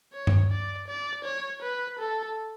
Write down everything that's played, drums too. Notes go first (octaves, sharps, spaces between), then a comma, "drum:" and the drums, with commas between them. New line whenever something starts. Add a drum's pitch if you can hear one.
C#5
drum: tom G2
D5
D5
C#5
B4
A4